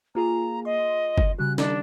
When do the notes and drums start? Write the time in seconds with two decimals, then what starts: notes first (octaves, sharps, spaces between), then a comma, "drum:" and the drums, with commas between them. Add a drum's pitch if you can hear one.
0.15 A#3 F4 G#4 A#5
0.65 D#5 C6
1.18 drum: kick F#1
1.38 C#3 G3 F#4 F#6
1.58 D#3 G3 D4, drum: snare